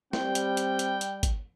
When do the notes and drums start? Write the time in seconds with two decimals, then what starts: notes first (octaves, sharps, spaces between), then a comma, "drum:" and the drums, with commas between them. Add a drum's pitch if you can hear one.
0.13 G3 C4 G5, drum: snare
0.35 drum: hi-hat
0.57 drum: hi-hat
0.79 drum: hi-hat
1.01 drum: hi-hat
1.23 drum: kick G#1, hi-hat